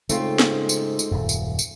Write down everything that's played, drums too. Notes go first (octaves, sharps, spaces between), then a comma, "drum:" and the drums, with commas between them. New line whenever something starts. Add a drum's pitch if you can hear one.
G#2 C#3 A3 C4 F4, drum: tambourine
drum: snare
drum: tambourine
drum: tambourine
D#1 F#2
drum: tambourine
drum: tambourine